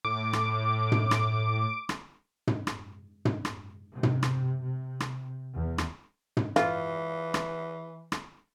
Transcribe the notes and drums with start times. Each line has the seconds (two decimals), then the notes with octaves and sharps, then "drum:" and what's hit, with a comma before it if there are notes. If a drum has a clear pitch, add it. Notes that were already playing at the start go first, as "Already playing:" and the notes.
0.05 A2 D6
0.33 drum: rim click
0.92 drum: tom
1.11 drum: rim click
1.89 drum: rim click
2.47 drum: tom
2.67 drum: rim click
3.25 drum: tom
3.45 drum: rim click
3.94 C3
4.03 drum: tom
4.23 drum: rim click
4.61 C3
5.00 drum: rim click
5.54 E2
5.78 drum: rim click
6.37 drum: tom
6.56 E3 F4, drum: rim click
7.34 drum: rim click
8.12 drum: rim click